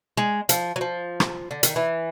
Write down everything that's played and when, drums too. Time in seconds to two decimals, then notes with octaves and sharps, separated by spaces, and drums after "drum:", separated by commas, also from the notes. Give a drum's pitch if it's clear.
0.17 G#3
0.49 F3, drum: hi-hat
0.76 F#3
0.81 F3
1.20 drum: rim click
1.51 D3
1.63 D#3, drum: hi-hat
1.76 E3